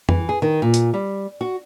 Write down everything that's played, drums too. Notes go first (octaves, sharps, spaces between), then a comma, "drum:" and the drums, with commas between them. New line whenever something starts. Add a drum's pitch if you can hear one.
E3, drum: tom F2
G#4
D#3
A#2
drum: hi-hat
G3
F#4